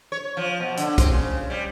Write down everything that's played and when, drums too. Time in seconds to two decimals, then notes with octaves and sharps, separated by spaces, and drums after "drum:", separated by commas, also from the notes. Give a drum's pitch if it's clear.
0.12 C#5
0.37 F3
0.60 B2
0.77 D3, drum: hi-hat
0.98 C4, drum: kick, hi-hat
1.12 C#3
1.50 G3